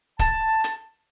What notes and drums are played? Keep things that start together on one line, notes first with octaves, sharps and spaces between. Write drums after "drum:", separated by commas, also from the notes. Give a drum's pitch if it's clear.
A5, drum: kick C#1, hi-hat
drum: hi-hat